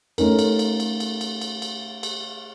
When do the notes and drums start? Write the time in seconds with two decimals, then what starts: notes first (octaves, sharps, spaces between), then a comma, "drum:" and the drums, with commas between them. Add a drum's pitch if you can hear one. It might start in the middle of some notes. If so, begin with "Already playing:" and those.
0.18 A3 C#4 D#4 A#4, drum: cymbal
0.39 drum: cymbal
0.59 drum: cymbal
0.80 drum: cymbal
1.00 drum: cymbal
1.21 drum: cymbal
1.41 drum: cymbal
1.62 drum: cymbal
2.03 drum: cymbal